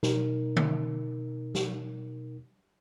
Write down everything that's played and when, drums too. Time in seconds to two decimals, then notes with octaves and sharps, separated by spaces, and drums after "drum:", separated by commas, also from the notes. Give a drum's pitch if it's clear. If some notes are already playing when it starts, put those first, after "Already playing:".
0.03 B2 D#4 A#4, drum: snare
0.56 drum: tom D3
1.55 drum: snare